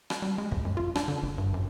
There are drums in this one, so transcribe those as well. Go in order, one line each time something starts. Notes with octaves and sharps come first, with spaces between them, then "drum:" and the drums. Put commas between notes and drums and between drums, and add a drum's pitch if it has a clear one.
drum: rim click
G3
G#3
D2, drum: kick
F#2
F4
D4, drum: rim click
D3
F#1
G2
F#2